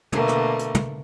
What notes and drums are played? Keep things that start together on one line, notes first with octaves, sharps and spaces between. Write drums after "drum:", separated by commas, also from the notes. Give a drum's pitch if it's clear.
B2 D3 A3 A#3, drum: tom
drum: rim click
drum: hi-hat
drum: tom